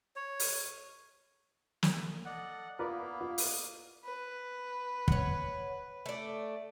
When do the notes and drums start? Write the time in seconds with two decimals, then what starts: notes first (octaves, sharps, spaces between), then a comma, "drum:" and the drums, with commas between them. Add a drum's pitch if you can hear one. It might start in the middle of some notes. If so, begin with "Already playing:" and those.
0.16 C#5
0.40 drum: open hi-hat
1.83 drum: snare
2.25 A4 D5 D#5 F#5
2.79 A#3 B3 E4 F4 A#4 B4 D5 F5
3.20 F4
3.38 drum: open hi-hat
4.04 B4
5.08 C#5 F#5, drum: kick
6.06 A3 D5